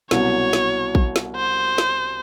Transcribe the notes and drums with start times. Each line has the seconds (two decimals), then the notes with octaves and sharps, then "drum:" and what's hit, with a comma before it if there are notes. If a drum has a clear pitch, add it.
0.11 C2 B2 F#3 C#5, drum: snare
0.53 drum: snare
0.95 drum: kick
1.16 drum: snare
1.36 C5
1.78 drum: snare